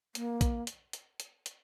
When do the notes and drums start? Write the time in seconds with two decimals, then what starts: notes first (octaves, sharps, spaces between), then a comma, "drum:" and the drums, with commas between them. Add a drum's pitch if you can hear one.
0.15 A#3, drum: hi-hat
0.41 drum: kick, hi-hat
0.67 drum: hi-hat
0.93 drum: hi-hat
1.20 drum: hi-hat
1.46 drum: hi-hat